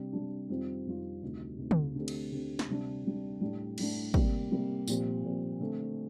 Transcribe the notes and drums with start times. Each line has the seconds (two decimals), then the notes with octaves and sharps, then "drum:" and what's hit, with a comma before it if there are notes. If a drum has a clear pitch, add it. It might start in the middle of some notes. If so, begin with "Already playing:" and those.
Already playing: C3 G3 D4
0.12 C3 G3 D4
0.49 F2 D#3 G3 C4 F4
0.86 F2 D#3 G3 C4 F4
1.23 D2 C3 D#3
1.58 D2 C3 D#3
1.71 drum: tom
1.95 D3 A3 C4 G4
2.08 drum: cymbal
2.32 D3 A3 C4 G4
2.59 drum: snare
2.68 C3 G3 D4
3.05 C3 G3 D4
3.41 A2 G3 D4
3.78 A2 G3 D4, drum: cymbal
4.14 C3 G3 A#3, drum: kick
4.51 C3 G3 A#3
4.88 A#2 F3 C4 G4, drum: tambourine
5.24 A#2 F3 C4 G4
5.60 D3 A3 C4